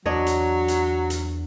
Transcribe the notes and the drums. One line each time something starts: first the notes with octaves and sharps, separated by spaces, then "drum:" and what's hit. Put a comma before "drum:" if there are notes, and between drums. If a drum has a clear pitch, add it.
E2 F#3 D4 C#5 D#5
drum: hi-hat
drum: hi-hat
drum: hi-hat